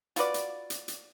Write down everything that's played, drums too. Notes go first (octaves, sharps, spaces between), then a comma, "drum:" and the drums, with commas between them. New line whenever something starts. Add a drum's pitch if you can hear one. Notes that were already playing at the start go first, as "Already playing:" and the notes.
F4 F#4 B4 D5, drum: hi-hat
drum: hi-hat
drum: hi-hat
drum: hi-hat